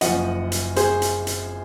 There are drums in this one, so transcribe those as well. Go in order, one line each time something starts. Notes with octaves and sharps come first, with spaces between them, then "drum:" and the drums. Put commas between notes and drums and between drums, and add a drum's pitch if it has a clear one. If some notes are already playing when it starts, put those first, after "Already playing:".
F#1 F#2 F3 D#5 F#5, drum: hi-hat
drum: hi-hat
G#4 C5, drum: hi-hat
drum: hi-hat
drum: hi-hat